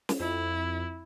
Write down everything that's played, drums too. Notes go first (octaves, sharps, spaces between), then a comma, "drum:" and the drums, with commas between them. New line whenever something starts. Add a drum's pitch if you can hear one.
drum: snare
F2 E4